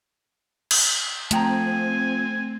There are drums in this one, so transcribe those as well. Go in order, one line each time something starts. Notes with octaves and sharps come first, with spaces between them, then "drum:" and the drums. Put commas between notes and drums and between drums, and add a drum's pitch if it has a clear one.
drum: cymbal
F3 A3 C4 G5 G#5 A#5, drum: hi-hat